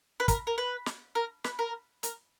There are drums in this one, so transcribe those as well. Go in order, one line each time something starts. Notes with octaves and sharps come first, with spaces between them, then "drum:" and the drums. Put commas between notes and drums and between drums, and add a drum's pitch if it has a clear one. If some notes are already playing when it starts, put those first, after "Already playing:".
B4
A#4, drum: kick, hi-hat
A#4
B4
drum: snare
A#4
B4, drum: snare
A#4
A#4, drum: hi-hat